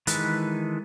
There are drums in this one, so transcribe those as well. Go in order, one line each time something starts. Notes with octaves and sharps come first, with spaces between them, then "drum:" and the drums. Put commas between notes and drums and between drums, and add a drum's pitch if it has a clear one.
D#3 E3 G#3 A4 B4, drum: hi-hat